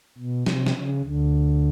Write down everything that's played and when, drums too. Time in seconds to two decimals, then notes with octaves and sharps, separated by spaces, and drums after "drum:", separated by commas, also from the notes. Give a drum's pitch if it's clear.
0.18 B2
0.46 C3, drum: snare
0.66 drum: snare
0.76 C#3
1.04 D2 D3